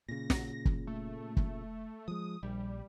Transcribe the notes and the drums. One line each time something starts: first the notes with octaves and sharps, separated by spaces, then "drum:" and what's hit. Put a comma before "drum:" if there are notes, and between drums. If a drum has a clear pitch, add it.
A#2 C#3 A#6
drum: snare
drum: kick
A3
drum: kick
F3 G#3 D#6
A#1 G3